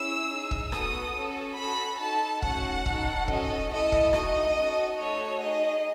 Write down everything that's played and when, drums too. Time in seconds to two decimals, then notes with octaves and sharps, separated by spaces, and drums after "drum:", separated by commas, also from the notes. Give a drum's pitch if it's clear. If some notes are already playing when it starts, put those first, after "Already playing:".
Already playing: C#4 E4 G#4 E6
0.29 D#4 G#4
0.51 drum: kick
0.72 B3 F#4 A4 D#6, drum: rim click
1.15 C#4 F#4 A4
1.57 C#4 F#4 A4 B5
2.01 D#4 A4 A5
2.42 A3 C#4 F#4 F#5, drum: kick
2.86 D#4 F#4 A4, drum: kick
3.28 C#4 F#4 A4 D#5, drum: kick
3.70 A3 E4 A4 D#5
3.92 drum: kick
4.13 A3 D#4 F#4 D#5, drum: rim click
4.57 C#4 F#4 A4
4.99 A3 D#4 F#4 A4 C#5
5.41 D#4 G#4 D#5